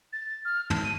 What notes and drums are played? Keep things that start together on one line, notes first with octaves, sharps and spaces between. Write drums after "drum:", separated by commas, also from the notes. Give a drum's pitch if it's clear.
A6
F6
A5, drum: tom
D#7